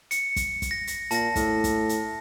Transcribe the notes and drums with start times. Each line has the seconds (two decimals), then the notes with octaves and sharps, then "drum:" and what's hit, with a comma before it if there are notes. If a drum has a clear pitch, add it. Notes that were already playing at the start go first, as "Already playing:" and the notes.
0.11 C#7, drum: hi-hat
0.36 drum: kick, hi-hat
0.62 drum: kick, hi-hat
0.71 A#6
0.87 drum: hi-hat
1.11 A#2 A5 A#6, drum: hi-hat
1.36 A2, drum: kick, hi-hat
1.64 drum: kick, hi-hat
1.89 drum: hi-hat